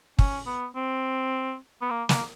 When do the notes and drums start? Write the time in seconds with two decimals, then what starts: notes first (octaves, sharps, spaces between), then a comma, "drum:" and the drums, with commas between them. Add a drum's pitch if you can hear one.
0.19 C#4, drum: kick
0.46 B3
0.76 C4
1.82 B3
1.91 A#3
2.09 A#3, drum: snare